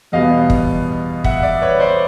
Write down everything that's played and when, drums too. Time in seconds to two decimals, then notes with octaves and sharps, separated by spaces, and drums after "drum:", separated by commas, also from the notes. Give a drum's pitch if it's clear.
0.12 E2 B2 G3 B3 D#5 F5
0.50 drum: kick
1.24 E5 F#5, drum: kick
1.42 D5 E5
1.61 B4 C#5
1.80 C5 D5